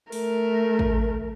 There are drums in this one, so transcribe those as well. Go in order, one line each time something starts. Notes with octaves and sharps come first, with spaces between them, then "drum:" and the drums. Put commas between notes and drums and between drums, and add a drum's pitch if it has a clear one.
A3 A#4, drum: open hi-hat
drum: kick